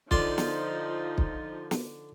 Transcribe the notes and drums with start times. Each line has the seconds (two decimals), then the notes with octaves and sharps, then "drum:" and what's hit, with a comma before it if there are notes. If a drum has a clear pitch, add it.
0.11 D3 F3 D#4 F4 D5 C6, drum: kick
0.38 drum: snare
1.18 drum: kick
1.71 drum: snare